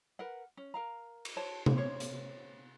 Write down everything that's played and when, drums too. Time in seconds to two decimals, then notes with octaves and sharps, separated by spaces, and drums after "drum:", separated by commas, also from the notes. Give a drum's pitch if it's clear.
0.19 A#4 B4 F#5
0.57 C#4
0.74 A#4 F5 A#5
1.25 drum: cymbal
1.36 C5 C#5 A5
1.66 drum: tom C3
1.76 C#4 C5 C#5
2.00 drum: hi-hat